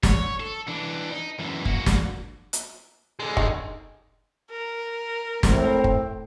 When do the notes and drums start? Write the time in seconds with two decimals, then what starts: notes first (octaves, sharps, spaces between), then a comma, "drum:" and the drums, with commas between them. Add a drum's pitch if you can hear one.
0.03 C#5, drum: snare
0.40 A4
0.68 E3 D4
1.11 D#4
1.39 F#2 E3
1.65 A#3 F#4, drum: kick
1.86 drum: snare
2.53 drum: hi-hat
3.20 D3 G#3
3.37 D#3, drum: kick
4.51 A#4
5.43 A2 C4, drum: snare
5.84 drum: kick